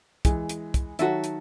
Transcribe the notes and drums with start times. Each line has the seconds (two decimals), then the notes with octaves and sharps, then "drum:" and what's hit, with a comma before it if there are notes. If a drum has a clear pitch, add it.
0.25 E3 G#3, drum: kick, hi-hat
0.49 drum: hi-hat
0.74 drum: kick, hi-hat
0.99 D#3 F#3 F#4 A4 E5, drum: hi-hat
1.24 drum: hi-hat